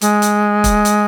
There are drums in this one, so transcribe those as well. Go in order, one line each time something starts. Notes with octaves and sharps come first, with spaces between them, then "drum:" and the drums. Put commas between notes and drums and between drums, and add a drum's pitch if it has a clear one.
G#3, drum: hi-hat
drum: hi-hat
drum: kick, hi-hat
drum: hi-hat